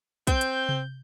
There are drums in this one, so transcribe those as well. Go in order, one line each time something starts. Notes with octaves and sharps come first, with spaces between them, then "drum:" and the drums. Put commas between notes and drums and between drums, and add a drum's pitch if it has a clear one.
C4 G6, drum: kick, hi-hat
drum: hi-hat
drum: tom C3